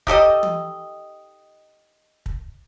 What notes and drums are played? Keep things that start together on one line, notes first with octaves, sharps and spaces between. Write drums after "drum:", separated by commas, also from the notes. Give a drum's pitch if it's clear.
D#4 G4 A4 D#5, drum: kick
drum: tom
drum: kick